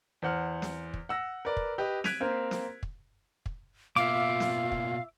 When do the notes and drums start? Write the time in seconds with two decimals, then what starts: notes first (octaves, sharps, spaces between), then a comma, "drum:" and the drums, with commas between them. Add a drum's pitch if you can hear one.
0.22 E2 C5 F#5 F6
0.62 drum: snare
0.94 drum: kick
1.09 F#5 E6 A#6
1.45 A#4 B4 D5
1.57 drum: kick
1.78 G4 B4 D#5
2.04 F#6 G#6 B6 D7 D#7 F7, drum: snare
2.20 A#3 C4 A#4 C5
2.51 drum: snare
2.83 drum: kick
3.46 drum: kick
3.96 B2 A#3 F4 E5 F5 D6
4.40 drum: snare
4.72 drum: kick